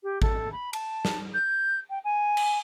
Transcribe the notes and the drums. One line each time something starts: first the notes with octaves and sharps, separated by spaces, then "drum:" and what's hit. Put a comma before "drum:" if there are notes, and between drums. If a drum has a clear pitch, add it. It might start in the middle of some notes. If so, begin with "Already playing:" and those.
G4
A4, drum: kick G#1
B5
A5, drum: cymbal
drum: snare
G6
G5
G#5
drum: cymbal